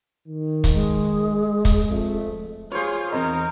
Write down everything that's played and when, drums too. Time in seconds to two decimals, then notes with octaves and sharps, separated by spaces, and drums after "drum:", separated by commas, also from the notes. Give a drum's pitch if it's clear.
0.28 D#3
0.64 drum: kick, hi-hat
0.73 G#3
1.65 drum: kick, hi-hat
1.90 F2 A3
2.72 F4 G#4 C5 C#5
3.13 E2 C4 D#4 A#4 D#5 B5